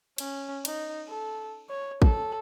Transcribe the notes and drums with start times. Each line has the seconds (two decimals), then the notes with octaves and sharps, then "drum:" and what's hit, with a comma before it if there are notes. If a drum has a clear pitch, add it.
0.18 C#4, drum: cymbal
0.65 D#4, drum: cymbal
1.07 A4
1.69 C#5
2.02 A4, drum: kick